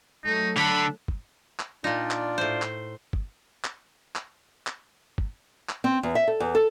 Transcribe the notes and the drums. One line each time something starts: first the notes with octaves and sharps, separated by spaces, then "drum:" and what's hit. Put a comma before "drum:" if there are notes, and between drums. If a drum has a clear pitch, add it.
F#3 A3 D#4
D3 A5 B5 F#6, drum: clap
drum: kick
drum: clap
A#2 D4 D#4 F4 D5
drum: clap
A2 C5
drum: clap
drum: kick
drum: clap
drum: clap
drum: clap
drum: kick
drum: clap
C4
E2
E5
A4
E2
A4